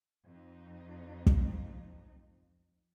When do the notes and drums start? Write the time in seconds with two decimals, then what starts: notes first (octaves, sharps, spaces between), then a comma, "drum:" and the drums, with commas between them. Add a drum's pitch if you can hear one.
0.25 F2 D#4
1.26 drum: kick